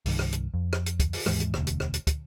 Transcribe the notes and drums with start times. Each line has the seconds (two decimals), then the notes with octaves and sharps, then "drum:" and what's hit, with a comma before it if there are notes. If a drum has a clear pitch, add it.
0.06 C2 G2 D#3, drum: open hi-hat
0.19 drum: rim click
0.32 drum: hi-hat
0.54 F2
0.73 drum: rim click
0.86 drum: hi-hat
1.00 drum: kick, hi-hat
1.13 drum: open hi-hat
1.26 D#2 G#2 E3 G#3, drum: rim click
1.40 drum: hi-hat
1.54 E1 D2, drum: rim click
1.67 drum: hi-hat
1.80 drum: rim click
1.94 drum: hi-hat
2.07 drum: kick, hi-hat